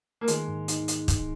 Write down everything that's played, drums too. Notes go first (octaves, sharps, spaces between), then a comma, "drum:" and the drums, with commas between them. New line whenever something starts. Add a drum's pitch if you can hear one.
A#3
D#3 G#3, drum: hi-hat
G#2
D#4, drum: hi-hat
drum: hi-hat
drum: kick, hi-hat